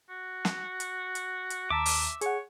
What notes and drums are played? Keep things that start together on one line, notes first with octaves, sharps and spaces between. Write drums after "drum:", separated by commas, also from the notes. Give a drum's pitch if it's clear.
F#4
drum: snare
drum: hi-hat
drum: hi-hat
drum: hi-hat
D#2 E5 A5 A#5 D6
drum: open hi-hat
G#4 C#5 F#5, drum: hi-hat